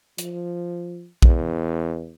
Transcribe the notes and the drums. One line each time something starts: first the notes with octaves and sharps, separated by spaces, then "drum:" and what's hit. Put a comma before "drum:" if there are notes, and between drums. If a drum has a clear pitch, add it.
F3, drum: hi-hat
E2, drum: kick A#1